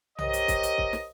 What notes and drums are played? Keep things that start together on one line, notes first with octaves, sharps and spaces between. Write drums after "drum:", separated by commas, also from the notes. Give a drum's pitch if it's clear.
G4 A#4 C5 C#5 D#5, drum: tom B1
drum: hi-hat
drum: kick, hi-hat
drum: hi-hat
drum: kick
drum: snare